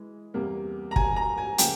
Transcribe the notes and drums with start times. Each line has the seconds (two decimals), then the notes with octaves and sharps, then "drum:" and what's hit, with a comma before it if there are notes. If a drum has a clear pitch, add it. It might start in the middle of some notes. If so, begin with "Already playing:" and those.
Already playing: E3 G#3
0.34 E2 C3 G3 A#3
0.91 A#5
0.96 G#5, drum: kick
1.16 A#5
1.38 G#5
1.58 C#3 F3 A#3 G5, drum: hi-hat